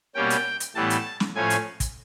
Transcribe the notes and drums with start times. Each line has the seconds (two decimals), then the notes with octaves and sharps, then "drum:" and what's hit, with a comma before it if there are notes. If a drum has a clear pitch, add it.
0.15 B2 G3 A#3 C#4 G5
0.30 drum: hi-hat
0.60 drum: hi-hat
0.75 A2 E3 G3 B3 A5
0.90 drum: hi-hat
1.20 drum: snare
1.35 A2 F3 A3 C#4 G#5
1.50 drum: hi-hat
1.80 drum: kick, hi-hat